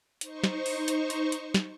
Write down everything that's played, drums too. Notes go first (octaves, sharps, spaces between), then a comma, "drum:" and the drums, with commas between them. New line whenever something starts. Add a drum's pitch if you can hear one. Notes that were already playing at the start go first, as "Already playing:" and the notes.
D#4 C5 C#6, drum: hi-hat
drum: snare
drum: open hi-hat
drum: hi-hat
drum: hi-hat
drum: hi-hat
drum: snare